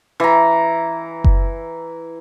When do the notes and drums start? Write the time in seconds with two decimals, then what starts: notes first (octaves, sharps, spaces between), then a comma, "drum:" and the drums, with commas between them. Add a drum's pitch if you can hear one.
0.20 E3 A#5
1.24 drum: kick F#1